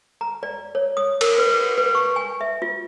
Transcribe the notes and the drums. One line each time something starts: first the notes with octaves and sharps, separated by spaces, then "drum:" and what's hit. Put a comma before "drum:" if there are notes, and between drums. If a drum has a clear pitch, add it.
A#5
D5
C#5
D#6
A#4, drum: cymbal
B4
B4
C#6
G#5
E5
F4